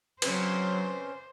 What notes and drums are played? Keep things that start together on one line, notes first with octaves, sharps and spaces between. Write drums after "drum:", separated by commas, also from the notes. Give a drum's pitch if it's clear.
C#3 F#3 C4 B4 C5, drum: cymbal